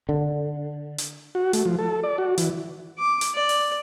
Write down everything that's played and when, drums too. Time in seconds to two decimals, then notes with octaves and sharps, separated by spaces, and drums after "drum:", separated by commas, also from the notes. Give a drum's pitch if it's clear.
0.09 D3
0.98 drum: hi-hat
1.35 F#4
1.53 A3, drum: hi-hat
1.65 F3
1.79 A4
2.03 D5
2.18 F#4
2.38 E3, drum: hi-hat
2.98 D6
3.21 drum: hi-hat
3.34 D5
3.49 drum: open hi-hat